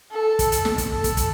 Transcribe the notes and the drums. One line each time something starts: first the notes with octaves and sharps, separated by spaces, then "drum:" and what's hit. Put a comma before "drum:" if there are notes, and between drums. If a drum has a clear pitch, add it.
A4
drum: kick, hi-hat
drum: hi-hat
drum: snare
drum: kick, hi-hat
A4
drum: kick, hi-hat
drum: kick, hi-hat